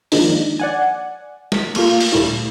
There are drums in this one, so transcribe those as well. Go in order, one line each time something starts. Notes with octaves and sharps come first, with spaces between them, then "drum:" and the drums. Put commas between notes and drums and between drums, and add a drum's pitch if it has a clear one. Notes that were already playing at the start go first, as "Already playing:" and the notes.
D#3 F3 G#3 A#3 D4 D#4, drum: open hi-hat
D5 F#5 G#5
B6, drum: snare
G3 A3 A#3 F4, drum: cymbal
drum: open hi-hat
D2 A#2 G3 A3 E4 E7